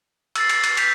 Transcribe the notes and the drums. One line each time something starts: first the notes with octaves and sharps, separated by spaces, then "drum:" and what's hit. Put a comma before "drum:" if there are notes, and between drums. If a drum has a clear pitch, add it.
E6 A6 C7, drum: cymbal
drum: cymbal
drum: cymbal
G6 B6 F7, drum: cymbal